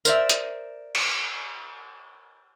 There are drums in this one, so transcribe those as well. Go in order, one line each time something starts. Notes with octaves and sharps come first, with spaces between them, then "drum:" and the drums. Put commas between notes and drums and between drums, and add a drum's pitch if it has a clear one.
A#4 C5 D5 E5, drum: tambourine
drum: hi-hat
drum: cymbal